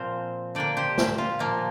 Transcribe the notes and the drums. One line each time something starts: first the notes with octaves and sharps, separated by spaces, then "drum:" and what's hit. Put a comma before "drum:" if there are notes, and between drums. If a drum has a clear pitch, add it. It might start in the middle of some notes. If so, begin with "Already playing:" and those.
Already playing: A#2 F3 C4 C5 F5
D3 A#3 D4 D5 G5
G4 C5
drum: snare
F4
A#2 F3 A#3